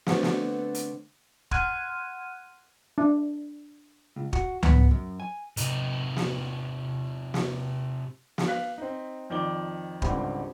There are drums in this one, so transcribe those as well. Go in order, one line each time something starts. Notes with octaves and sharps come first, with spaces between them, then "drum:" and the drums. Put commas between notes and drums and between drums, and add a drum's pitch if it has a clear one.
D3 A3 B3 C4, drum: snare
drum: snare
drum: hi-hat
F#5 C6 F6 F#6 G#6 D#7, drum: kick
D4
C#2
F#4, drum: kick
B3, drum: tom C#2
F#2
G#5
C3 D#4, drum: hi-hat
drum: snare
drum: snare
drum: snare
F5 F#6 B6
C4 D#4
F2 D#3 D5 D6 G7
G#1 C#2 D3 G3 C4 B5, drum: kick